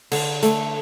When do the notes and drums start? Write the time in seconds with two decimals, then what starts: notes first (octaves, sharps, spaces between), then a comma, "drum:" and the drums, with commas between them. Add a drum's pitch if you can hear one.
0.12 D3, drum: cymbal
0.43 A3, drum: hi-hat